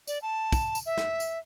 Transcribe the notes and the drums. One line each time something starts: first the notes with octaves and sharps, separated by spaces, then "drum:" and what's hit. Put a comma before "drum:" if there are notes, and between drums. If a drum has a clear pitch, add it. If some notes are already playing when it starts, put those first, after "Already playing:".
D5, drum: tambourine
A5
drum: kick, tambourine
drum: tambourine
E5
drum: snare
drum: tambourine